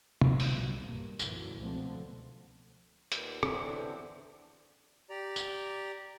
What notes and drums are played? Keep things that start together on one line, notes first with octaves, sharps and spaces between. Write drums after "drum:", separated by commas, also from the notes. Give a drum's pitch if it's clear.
A#1 G#2 F#3 G#3, drum: tom
drum: open hi-hat
F1 C2 G2 B2
B1 G2 A#2 A#3
F#2 A#2 D3 E3, drum: tambourine
C#2 B2 D3 F3 A3 C4
D#2 A#2 B3, drum: hi-hat
E2 D3 E3 F#3 C4 A4, drum: rim click
G4 D5 A#5
drum: tambourine